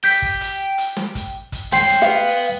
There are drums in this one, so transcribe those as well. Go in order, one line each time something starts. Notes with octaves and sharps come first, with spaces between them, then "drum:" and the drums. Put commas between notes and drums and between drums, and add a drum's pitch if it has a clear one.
G4 G6 B6, drum: open hi-hat
drum: kick
drum: hi-hat
drum: hi-hat
drum: snare
drum: kick, hi-hat
drum: kick, hi-hat
G3 C#4 G5 C6 C7, drum: snare
drum: hi-hat
B3 F5
drum: open hi-hat